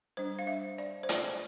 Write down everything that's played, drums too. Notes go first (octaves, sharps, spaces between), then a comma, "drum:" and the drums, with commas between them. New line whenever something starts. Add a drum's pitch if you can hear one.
G3 D4 C5
F5
E5
D5
C5
D5, drum: hi-hat